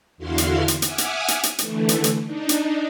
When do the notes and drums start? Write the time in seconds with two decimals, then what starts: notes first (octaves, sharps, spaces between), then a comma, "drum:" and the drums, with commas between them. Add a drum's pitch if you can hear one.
0.18 E2 D3 E4 F#4 F5 C6
0.38 drum: hi-hat
0.68 drum: hi-hat
0.82 E5 F#5 G#5 D6 D#6 F6, drum: hi-hat
0.98 drum: hi-hat
1.28 drum: hi-hat
1.43 drum: hi-hat
1.58 D3 E3 A3, drum: hi-hat
1.89 drum: hi-hat
2.04 drum: hi-hat
2.24 D4 D#4
2.49 drum: hi-hat